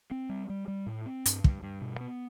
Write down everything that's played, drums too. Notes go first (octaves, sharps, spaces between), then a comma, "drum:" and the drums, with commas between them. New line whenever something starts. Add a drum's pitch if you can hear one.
C4
G3
G3
G3
A2
C4
G2, drum: hi-hat
G2, drum: kick
G2
B2
B3